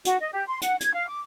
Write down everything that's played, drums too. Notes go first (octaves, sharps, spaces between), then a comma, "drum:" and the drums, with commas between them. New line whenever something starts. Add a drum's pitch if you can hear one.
F#4, drum: hi-hat
D#5
G4
C6
F#5, drum: hi-hat
G#6, drum: hi-hat
F5
D6